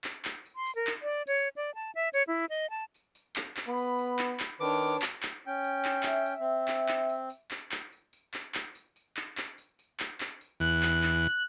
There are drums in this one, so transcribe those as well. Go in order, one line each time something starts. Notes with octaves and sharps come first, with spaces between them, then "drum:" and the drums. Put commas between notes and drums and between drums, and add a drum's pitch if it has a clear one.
drum: clap
drum: clap
drum: tambourine
C6
drum: tambourine
A#4
drum: clap
D5
C#5, drum: tambourine
D5
A5
E5
C#5, drum: tambourine
E4
D#5
A5
drum: tambourine
drum: tambourine
drum: clap
drum: clap
B3 B5
drum: tambourine
drum: tambourine
drum: clap
drum: clap
D#3 D4 B4 C#5 D6
drum: tambourine
drum: clap
drum: clap
C#4 G5
drum: tambourine
drum: clap
E5, drum: clap
drum: tambourine
C4
drum: clap
drum: clap
drum: tambourine
drum: tambourine
drum: clap
drum: clap
drum: tambourine
drum: tambourine
drum: clap
drum: clap
drum: tambourine
drum: tambourine
drum: clap
drum: clap
drum: tambourine
drum: tambourine
drum: clap
drum: clap
drum: tambourine
E2 F#6, drum: tambourine
drum: clap
drum: clap
drum: tambourine